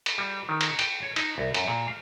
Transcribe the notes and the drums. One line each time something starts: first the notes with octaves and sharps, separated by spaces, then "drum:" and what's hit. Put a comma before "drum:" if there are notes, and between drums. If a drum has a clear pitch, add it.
drum: cymbal
G3
D#3
drum: cymbal
G5, drum: cymbal
C#5
D#4, drum: cymbal
C2
F#2, drum: cymbal
A#2
F5